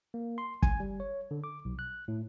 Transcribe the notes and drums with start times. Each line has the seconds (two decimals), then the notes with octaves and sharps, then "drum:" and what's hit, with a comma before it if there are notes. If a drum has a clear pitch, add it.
0.14 A#3
0.38 C6
0.62 G#5, drum: kick
0.80 G3
1.00 C#5
1.31 D3
1.44 D6
1.65 B1
1.79 F#6
2.08 A2